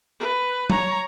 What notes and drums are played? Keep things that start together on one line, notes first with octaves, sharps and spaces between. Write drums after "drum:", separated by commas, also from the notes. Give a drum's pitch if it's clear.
B4
C#5 A#5, drum: tom F#3